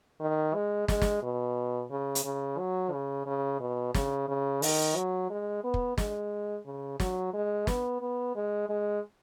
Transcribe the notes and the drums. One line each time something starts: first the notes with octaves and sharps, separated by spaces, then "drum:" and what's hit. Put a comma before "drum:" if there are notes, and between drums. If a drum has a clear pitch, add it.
D#3
G#3
G#3, drum: snare
drum: snare
B2
C#3
drum: hi-hat
C#3
F#3
C#3
C#3
B2
C#3, drum: snare
C#3
D#3, drum: open hi-hat
F#3
G#3
B3
drum: kick
G#3, drum: snare
C#3
F#3, drum: snare
G#3
B3, drum: snare
B3
G#3
G#3